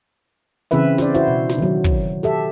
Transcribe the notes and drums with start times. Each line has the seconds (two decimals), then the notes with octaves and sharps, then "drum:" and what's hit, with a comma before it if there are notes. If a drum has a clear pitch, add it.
0.71 C#3 E3 C4 E4 B4 E5
0.98 C5 D5, drum: snare
1.15 E4 F#4 C5
1.28 B2
1.49 drum: snare
1.58 D#3 F#3
1.84 drum: kick
2.23 G4 A4 E5